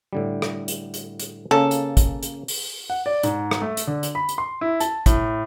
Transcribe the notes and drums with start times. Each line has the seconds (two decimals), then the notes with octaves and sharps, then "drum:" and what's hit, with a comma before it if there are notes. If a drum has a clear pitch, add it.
0.13 A2 D3 G3
0.42 drum: rim click
0.68 drum: hi-hat
0.94 drum: hi-hat
1.20 drum: hi-hat
1.51 C#3 A#3 C#4 A4
1.71 drum: hi-hat
1.97 drum: kick, hi-hat
2.23 drum: hi-hat
2.48 drum: open hi-hat
2.90 F#5
3.06 D5
3.23 G#2, drum: hi-hat
3.51 drum: rim click
3.62 A3
3.77 drum: hi-hat
3.87 D3
4.03 drum: hi-hat
4.15 B5
4.29 drum: hi-hat
4.38 C6
4.61 E4
4.80 A5, drum: hi-hat
5.06 A2, drum: kick, hi-hat